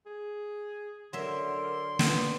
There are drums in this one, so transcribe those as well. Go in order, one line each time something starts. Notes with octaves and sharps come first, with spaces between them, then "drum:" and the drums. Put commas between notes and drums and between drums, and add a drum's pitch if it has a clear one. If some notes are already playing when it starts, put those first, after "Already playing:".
G#4
D3 F#3 A#4 E5 C6
B3 D4, drum: snare